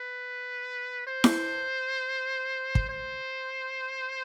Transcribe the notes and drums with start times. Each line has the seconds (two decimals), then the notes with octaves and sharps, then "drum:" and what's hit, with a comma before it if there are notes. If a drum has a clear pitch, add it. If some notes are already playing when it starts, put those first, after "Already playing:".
Already playing: B4
1.07 C5
1.24 drum: snare E4
2.75 drum: kick
2.89 C5